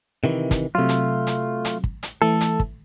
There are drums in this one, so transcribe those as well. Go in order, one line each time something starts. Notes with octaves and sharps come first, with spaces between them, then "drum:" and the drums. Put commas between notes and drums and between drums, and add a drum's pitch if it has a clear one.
C3 D#3 E3
drum: kick, hi-hat
C3 F#3 A3 F4
drum: hi-hat
drum: hi-hat
drum: hi-hat
drum: kick
drum: hi-hat
E3 A3 A4
drum: hi-hat
drum: kick